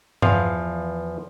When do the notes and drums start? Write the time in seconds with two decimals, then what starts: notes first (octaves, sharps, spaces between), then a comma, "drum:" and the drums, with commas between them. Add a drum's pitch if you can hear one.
0.22 E2 F3 F5, drum: tom G2